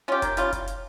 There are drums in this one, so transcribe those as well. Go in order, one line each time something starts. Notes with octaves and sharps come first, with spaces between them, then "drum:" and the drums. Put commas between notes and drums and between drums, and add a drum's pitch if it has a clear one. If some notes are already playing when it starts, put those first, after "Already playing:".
C#4 F4 G4
D#3, drum: kick, hi-hat
G3 C#4 F4, drum: hi-hat
drum: kick, hi-hat
drum: hi-hat